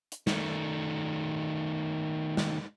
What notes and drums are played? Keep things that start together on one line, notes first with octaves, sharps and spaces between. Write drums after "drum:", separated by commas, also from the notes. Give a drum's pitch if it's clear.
drum: hi-hat
D#3 A3, drum: snare
drum: snare